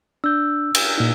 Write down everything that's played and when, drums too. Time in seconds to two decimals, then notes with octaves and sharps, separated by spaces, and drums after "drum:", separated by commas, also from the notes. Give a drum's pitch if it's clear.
0.24 D4 E6 G6
0.75 drum: cymbal
0.98 A#2 D#4